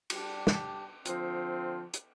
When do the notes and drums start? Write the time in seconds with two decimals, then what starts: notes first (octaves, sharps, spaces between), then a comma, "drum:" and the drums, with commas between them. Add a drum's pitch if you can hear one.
0.10 G3 D4 G4, drum: cymbal
0.47 drum: snare
1.05 D3 F3 C4, drum: hi-hat
1.94 drum: hi-hat